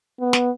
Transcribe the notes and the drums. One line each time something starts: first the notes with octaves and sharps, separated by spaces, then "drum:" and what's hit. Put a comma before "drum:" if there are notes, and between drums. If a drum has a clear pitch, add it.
B3
drum: snare